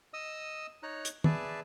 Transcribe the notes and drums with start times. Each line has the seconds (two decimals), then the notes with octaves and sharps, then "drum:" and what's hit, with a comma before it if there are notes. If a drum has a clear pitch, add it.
0.13 D#5 D#6 E6
0.83 D#4 C#5 A#5 F#6
1.05 drum: hi-hat
1.24 G#4 B4 D5 E5 A5, drum: tom